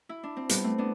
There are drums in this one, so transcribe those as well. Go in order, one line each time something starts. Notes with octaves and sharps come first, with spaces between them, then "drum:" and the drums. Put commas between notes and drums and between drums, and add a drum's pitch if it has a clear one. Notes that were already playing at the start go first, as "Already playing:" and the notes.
Already playing: F#4
E4
D4
C4
G3 B3, drum: hi-hat
A3 C4
B3 D4